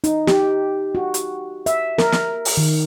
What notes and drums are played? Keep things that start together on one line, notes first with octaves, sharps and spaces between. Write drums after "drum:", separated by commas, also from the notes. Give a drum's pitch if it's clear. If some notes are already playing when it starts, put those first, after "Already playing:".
D#4, drum: hi-hat
G4, drum: snare
F#4
drum: hi-hat
E5, drum: hi-hat
A#4, drum: snare
drum: snare
drum: open hi-hat
D#3